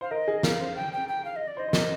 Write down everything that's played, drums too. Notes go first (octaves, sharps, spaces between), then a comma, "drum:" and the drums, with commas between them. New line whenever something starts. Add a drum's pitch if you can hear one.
C5 F5
A#4 D#5
G#4
A#4 F5, drum: snare
C5
G5
G5
G5
F5
D#5
D5
C5 D#5
C5
A#4, drum: snare